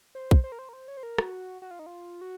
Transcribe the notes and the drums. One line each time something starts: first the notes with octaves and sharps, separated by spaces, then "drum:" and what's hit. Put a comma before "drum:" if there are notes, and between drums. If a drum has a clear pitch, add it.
C5
drum: kick
C5
A#4
C5
A#4
C5
C#5
C5
A#4
F#4, drum: rim click
F#4
F4
D#4
F4
F#4